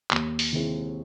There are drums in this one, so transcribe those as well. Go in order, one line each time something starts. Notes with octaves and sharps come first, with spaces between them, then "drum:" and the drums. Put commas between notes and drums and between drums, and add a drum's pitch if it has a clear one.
D#2, drum: clap
drum: open hi-hat
D#3 G#3 C4 E4